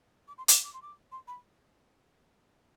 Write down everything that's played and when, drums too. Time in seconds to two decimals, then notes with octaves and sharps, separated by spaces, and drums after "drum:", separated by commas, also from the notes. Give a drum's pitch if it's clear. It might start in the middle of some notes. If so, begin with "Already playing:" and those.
0.28 D6
0.38 C6
0.48 D6, drum: hi-hat
0.64 D6
0.74 C6
0.82 D6
1.12 C6
1.28 B5